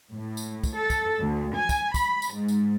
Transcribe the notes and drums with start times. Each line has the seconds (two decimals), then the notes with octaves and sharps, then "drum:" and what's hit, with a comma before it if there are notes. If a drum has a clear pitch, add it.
0.11 A2
0.37 drum: tambourine
0.64 drum: kick, tambourine
0.75 A4
0.90 drum: kick, tambourine
1.21 D2
1.56 G#5
1.69 drum: kick, tambourine
1.94 B5, drum: kick, tambourine
2.22 drum: tambourine
2.34 G#2
2.48 drum: tambourine